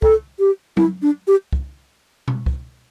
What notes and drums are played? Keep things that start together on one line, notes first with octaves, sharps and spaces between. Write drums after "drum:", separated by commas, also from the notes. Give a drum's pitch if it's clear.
A4, drum: kick
G4
E4, drum: tom F#3
D4
G4
drum: kick
drum: tom B2
drum: kick